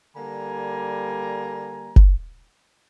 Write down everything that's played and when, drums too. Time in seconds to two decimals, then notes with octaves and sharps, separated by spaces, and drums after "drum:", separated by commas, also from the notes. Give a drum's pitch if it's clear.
0.16 D3 G3 A#3 G#5 A#5
1.96 drum: kick F#1